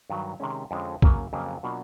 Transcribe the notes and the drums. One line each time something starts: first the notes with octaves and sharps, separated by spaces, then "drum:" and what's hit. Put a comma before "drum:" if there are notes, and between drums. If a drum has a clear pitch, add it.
G2 D#3 F#3
C3 D#3 G#3 C#4
F2 D3 F3 G#3 C#4
C#3 F#3 A#3, drum: kick
F2 C#3 F#3 A#3
B2 F#3 A#3 D4 F4